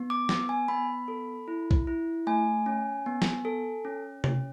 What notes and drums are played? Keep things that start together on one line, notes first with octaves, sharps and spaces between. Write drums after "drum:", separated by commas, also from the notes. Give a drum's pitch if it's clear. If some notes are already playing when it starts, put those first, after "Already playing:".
Already playing: B3
D6
B3, drum: snare
G#5
B3 B5
A4
E4
drum: kick B1
E4
A3 G#5
C#4
B3
drum: snare
A4
C#4
C#4, drum: tom C3